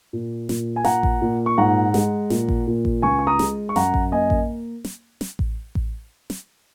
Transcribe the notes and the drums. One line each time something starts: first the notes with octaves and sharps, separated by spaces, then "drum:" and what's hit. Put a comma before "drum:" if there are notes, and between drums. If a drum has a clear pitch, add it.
A#2
A#2, drum: snare
G#5
A#2 F#5 A#5, drum: snare
drum: kick A1
A#2
C#6
G#2 F#5 A#5
G#3, drum: snare
A#2, drum: snare
drum: kick A1
A#2
drum: kick A1
C#2 G#5 C#6
C#6
A#5 D#6
G#3, drum: snare
C#6
F#2 F#5 A#5, drum: snare
drum: kick A1
A#3 D#5 G#5
drum: kick A1
drum: snare
drum: snare
drum: kick A1
drum: kick A1
drum: snare